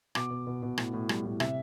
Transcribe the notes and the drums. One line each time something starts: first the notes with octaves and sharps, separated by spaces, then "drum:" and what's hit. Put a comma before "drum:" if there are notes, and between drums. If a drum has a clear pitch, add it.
B2 D6, drum: rim click
B2
B2
B2
A2, drum: rim click
A2
G3, drum: rim click
A2
C3 E5, drum: rim click